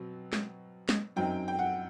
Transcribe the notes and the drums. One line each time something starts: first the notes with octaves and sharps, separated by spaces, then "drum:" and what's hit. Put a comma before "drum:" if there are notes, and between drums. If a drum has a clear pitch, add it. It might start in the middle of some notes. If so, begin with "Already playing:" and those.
Already playing: B2 F#3 C4
drum: snare
drum: snare
F#2 F#3 C4 D#4 G5
G5
F#5